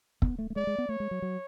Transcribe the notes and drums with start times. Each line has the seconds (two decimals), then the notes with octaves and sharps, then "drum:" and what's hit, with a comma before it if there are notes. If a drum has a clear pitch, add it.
0.22 B3, drum: kick
0.39 A3
0.50 A3
0.56 G#3 D5
0.67 G#3
0.78 B3
0.89 A3 C#5
1.00 G#3
1.11 F#3
1.22 F#3